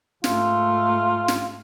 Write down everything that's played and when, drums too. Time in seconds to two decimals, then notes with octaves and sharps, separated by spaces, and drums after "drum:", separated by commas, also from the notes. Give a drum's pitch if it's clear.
0.24 G#2 A3 F4, drum: snare
1.28 drum: snare